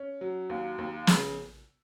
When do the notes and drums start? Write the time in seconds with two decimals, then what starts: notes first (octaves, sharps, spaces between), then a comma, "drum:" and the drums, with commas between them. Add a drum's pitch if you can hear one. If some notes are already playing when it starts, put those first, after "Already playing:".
Already playing: C#4
0.21 F#3
0.50 D#2 F5
0.78 D#2
1.07 C#3, drum: snare